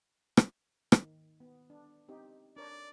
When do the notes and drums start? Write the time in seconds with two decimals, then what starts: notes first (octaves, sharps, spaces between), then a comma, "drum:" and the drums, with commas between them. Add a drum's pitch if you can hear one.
0.37 drum: rim click
0.92 D#3, drum: rim click
1.40 B3
1.70 D4
2.08 C4 D#4 G4
2.57 D4 A#4 C#5 D5